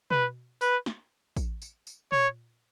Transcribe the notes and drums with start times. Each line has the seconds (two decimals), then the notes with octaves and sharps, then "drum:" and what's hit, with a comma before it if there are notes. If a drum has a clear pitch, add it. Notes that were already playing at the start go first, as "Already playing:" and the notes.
0.11 B4, drum: tom B2
0.61 B4, drum: tambourine
0.86 drum: snare
1.37 drum: kick, tambourine
1.62 drum: tambourine
1.87 drum: tambourine
2.12 C#5, drum: tom A#2